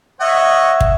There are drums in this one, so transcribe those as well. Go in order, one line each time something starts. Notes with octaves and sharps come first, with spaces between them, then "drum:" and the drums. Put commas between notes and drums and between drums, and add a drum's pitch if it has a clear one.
C#5 D#5 E5 F#5
drum: kick